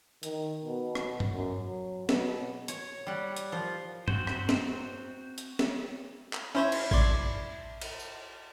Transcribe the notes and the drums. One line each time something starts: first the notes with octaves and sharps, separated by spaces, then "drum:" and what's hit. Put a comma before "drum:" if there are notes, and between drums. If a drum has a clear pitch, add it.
D#3, drum: hi-hat
B2
drum: rim click
drum: tom G2
F#2
F#3
B2, drum: snare
C#5, drum: hi-hat
G3 F#5
drum: hi-hat
F3
C4 F#4 C5, drum: tom G2
drum: rim click
drum: snare
drum: hi-hat
drum: snare
drum: clap
C#4 E4 C5 C#5 B5
drum: cymbal
D5 C6 G#6, drum: kick
drum: cymbal
drum: tambourine